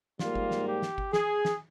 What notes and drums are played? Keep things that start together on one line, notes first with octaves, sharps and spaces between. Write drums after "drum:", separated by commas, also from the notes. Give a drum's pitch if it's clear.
G#2 G3 A#3 F4, drum: snare
drum: kick G1
drum: snare
G4
drum: snare
drum: kick G1
G#4, drum: snare
drum: snare